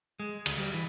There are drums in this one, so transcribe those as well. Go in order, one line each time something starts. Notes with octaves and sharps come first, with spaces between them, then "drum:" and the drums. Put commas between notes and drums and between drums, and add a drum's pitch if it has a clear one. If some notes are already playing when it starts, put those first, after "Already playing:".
G#3
D2, drum: cymbal
G3
E3